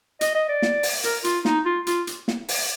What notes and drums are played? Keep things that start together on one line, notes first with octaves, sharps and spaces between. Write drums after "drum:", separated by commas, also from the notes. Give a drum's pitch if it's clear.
D#5, drum: hi-hat
D#5
D5
drum: snare
drum: open hi-hat
A#4, drum: hi-hat
F4, drum: hi-hat
D#4, drum: snare
F4
F4, drum: hi-hat
drum: hi-hat
drum: snare
drum: open hi-hat